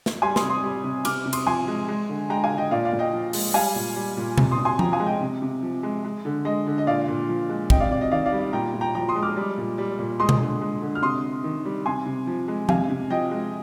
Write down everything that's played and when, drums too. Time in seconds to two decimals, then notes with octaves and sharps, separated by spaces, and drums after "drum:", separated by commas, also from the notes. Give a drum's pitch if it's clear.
0.06 drum: snare
0.22 G3 G#5 C6
0.36 C6 D#6, drum: snare
0.42 C3
0.50 C6 D#6
0.64 G3
0.84 C3
1.05 C3 D6 F6, drum: cymbal
1.26 C3
1.33 C6 D#6, drum: cymbal
1.47 F3 G#5 C6
1.68 G#3
1.88 G#3
2.09 D3
2.30 G#3 G5 A#5
2.44 F5 G#5
2.50 D3
2.58 D#5 G5
2.71 A#2 D5 F5
2.85 D5 F5
2.92 A#2
2.99 D#5 G5
3.13 F3
3.33 G#3, drum: open hi-hat
3.54 G3 F5 G#5
3.75 A#2
3.96 G3
4.17 A#2
4.38 C3, drum: tom B2
4.51 C6 D#6
4.58 C3
4.65 G#5 C6
4.79 F3 G5 A#5, drum: tom F3
4.93 F5 G#5
5.00 G#3
5.06 D#5 G5
5.21 C3
5.42 C3
5.62 F3
5.83 G#3
6.04 G#3
6.25 D3
6.45 G#3 D#5
6.67 D3
6.78 D#5
6.87 A#2 D5 F5
7.08 A#2
7.29 F3
7.49 G#3
7.70 C3 D#5 G5, drum: kick
7.80 D5 F5
7.91 C3 D5
8.01 D#5
8.11 D#3 D5 F5
8.26 D5 F5
8.32 G3
8.53 A#2 G5 A#5
8.74 A#2
8.81 G5 A#5
8.95 F3 G5 A#5
9.09 C6 D#6
9.16 G#3
9.22 D6 F6
9.37 G3
9.58 A#2
9.78 G3
9.99 A#2
10.20 G#3 C6 D#6
10.29 drum: tom B2
10.40 D3
10.61 G#3
10.82 D3
10.95 F6
11.02 C3 C6 D#6
11.24 C3
11.44 D#3
11.65 G3
11.86 C3 G#5 C6
12.06 C3
12.27 F3
12.48 G#3
12.69 C3 F5 G#5, drum: tom F3
12.90 C3
13.10 F3 D#5 G5
13.31 G#3